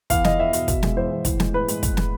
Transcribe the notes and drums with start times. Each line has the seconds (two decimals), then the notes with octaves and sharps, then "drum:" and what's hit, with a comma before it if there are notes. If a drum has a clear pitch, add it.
0.10 E2 F5, drum: kick, hi-hat
0.25 E2 D#5, drum: snare
0.39 E2 E5
0.53 B2, drum: hi-hat
0.68 B2, drum: kick, hi-hat
0.83 G#3, drum: snare
0.96 E2 C5
1.11 E2
1.25 A2, drum: kick, hi-hat
1.40 G#3, drum: snare
1.54 A2 B4
1.68 G#3, drum: hi-hat
1.83 drum: kick, hi-hat
1.97 drum: snare